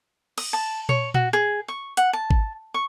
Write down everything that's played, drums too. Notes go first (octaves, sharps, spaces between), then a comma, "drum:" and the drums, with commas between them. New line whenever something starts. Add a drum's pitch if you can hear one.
D#6, drum: cymbal
A5
C#5, drum: tom A#2
F#4, drum: tom A#2
G#4
C#6
F#5, drum: hi-hat
A5
drum: kick G#1
C#6